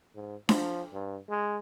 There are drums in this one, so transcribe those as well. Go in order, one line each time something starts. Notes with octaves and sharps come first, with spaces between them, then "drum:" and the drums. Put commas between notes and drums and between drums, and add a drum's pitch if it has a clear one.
G#2
F3, drum: snare D4
G2
G#3